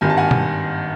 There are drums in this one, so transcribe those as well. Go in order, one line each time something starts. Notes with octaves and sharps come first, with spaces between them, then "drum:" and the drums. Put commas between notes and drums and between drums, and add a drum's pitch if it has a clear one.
G#1 G2 D#3 G3 G#5
A5
F#5 G#5
drum: tom B2